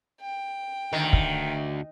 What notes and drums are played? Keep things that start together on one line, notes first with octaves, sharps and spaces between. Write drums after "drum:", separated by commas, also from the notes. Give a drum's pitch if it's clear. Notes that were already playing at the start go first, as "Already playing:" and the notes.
G5
D2 D#3
drum: kick